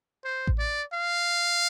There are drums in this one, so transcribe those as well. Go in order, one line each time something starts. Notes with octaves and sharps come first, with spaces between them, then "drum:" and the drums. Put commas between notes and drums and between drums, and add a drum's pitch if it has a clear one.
C5
drum: kick A1
D5
F5